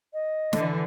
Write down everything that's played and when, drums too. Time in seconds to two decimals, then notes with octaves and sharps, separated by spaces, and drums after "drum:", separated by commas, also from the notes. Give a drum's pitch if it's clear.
0.14 D#5
0.53 D3 E3, drum: snare